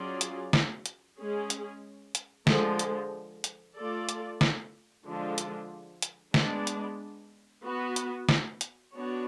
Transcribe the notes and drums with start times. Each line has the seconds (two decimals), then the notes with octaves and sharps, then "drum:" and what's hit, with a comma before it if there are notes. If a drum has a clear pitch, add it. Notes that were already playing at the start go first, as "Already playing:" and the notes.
Already playing: F#3 C#4 F4 G#4 D5
0.21 drum: hi-hat
0.53 drum: snare
0.86 drum: hi-hat
1.18 G#3 C#4 G#4
1.50 drum: hi-hat
2.15 drum: hi-hat
2.47 D3 F3 G#3, drum: snare
2.79 drum: hi-hat
3.44 drum: hi-hat
3.76 A3 F4 A4 D5
4.09 drum: hi-hat
4.41 drum: snare
5.05 D3 F3 G#3 D4 F4
5.38 drum: hi-hat
6.02 drum: hi-hat
6.34 G#3 B3 D4, drum: snare
6.67 drum: hi-hat
7.64 B3 F#4 B4
7.96 drum: hi-hat
8.29 drum: snare
8.61 drum: hi-hat
8.94 B3 D4 F#4 C#5